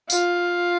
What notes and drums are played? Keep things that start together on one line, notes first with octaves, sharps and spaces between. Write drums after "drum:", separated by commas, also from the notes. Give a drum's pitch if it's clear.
F4, drum: tambourine